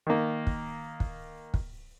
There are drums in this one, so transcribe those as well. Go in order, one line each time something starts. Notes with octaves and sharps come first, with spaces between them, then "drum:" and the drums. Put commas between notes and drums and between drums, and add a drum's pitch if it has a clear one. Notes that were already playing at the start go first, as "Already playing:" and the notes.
D#3 A#3
drum: kick
drum: kick
drum: kick